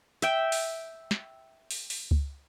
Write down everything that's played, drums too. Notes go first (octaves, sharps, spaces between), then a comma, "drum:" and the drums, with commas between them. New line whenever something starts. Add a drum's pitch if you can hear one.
E5 G5, drum: hi-hat
drum: open hi-hat
drum: snare
drum: open hi-hat
drum: open hi-hat
drum: kick C#2